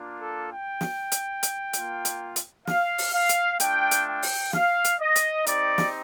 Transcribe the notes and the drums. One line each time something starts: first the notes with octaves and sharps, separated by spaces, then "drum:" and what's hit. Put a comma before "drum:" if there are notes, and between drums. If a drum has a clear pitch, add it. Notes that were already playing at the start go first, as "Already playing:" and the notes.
Already playing: A#3 D4 F4
A4
G5
drum: snare
drum: hi-hat
drum: hi-hat
A#3 F4, drum: hi-hat
drum: hi-hat
drum: hi-hat
F5, drum: snare
drum: open hi-hat
F5
drum: hi-hat
A3 D4 F4 G5, drum: hi-hat
drum: hi-hat
G5
drum: open hi-hat
F5, drum: snare
drum: hi-hat
D#5
drum: hi-hat
C4 D#4 G4 D5, drum: hi-hat
drum: snare